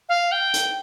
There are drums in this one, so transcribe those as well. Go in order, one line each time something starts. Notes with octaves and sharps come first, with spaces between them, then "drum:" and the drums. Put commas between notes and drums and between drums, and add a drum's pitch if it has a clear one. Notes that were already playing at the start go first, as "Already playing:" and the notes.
F5
G5
drum: hi-hat